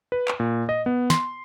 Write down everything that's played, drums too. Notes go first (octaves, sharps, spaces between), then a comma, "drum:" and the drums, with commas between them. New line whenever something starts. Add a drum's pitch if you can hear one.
B4
drum: clap
A#2
D#5
B3
C6, drum: snare